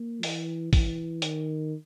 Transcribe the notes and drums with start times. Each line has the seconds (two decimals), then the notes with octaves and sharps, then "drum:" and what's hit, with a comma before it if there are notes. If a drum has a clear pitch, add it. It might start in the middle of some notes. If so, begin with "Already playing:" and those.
Already playing: A#3
0.23 E3, drum: open hi-hat
0.73 E3, drum: kick, open hi-hat
1.22 D#3, drum: hi-hat